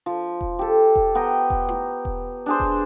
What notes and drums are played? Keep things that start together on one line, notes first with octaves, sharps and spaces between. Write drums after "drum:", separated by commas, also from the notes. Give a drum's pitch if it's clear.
F3
drum: kick E1
G4 A4
drum: kick E1
B3 G5 A#5
drum: kick E1
drum: tom E4
drum: kick E1
D4 G#4 C5
drum: kick E1